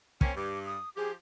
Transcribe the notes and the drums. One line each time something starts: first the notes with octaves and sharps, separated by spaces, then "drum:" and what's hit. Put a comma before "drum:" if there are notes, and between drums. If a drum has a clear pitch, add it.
A#3 C4 C#4 G5, drum: kick
G2 D6
D#6
F3 G4 G#4